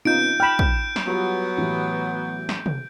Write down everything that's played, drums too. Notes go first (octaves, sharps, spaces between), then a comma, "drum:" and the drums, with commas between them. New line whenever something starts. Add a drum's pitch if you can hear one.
C3 B3 C#4 D#4 F4 G6 D7
G5 B5 F6 E7
drum: kick
drum: snare
F#3 G3 B3 F4
A2 E3 G4
drum: snare
drum: tom